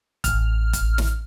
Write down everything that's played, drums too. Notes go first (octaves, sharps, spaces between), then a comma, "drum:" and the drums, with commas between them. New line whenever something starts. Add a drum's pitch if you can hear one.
A1 F6, drum: kick E1, hi-hat
drum: kick E1, hi-hat
drum: snare